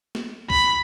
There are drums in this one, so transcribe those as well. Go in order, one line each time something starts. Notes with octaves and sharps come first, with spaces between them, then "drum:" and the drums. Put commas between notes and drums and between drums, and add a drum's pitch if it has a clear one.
drum: snare
B5, drum: kick C2